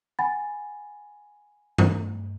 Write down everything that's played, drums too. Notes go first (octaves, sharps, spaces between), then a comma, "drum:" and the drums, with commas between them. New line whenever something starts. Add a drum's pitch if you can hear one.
F#5 G#5 B5 A6
drum: tom G2